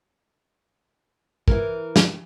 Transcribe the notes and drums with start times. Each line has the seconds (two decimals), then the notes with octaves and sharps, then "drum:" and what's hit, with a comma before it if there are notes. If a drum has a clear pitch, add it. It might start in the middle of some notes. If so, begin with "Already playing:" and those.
1.48 E3 A#4, drum: kick
1.96 drum: snare